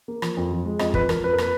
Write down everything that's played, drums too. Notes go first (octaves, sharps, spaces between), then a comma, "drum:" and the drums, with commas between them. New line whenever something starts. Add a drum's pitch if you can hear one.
A#3
F3, drum: rim click
F2
F3
G#3
F2 D#5, drum: rim click
F3 B4, drum: kick
F3 A#4, drum: rim click
F2 B4
A#4
A#3 B4, drum: rim click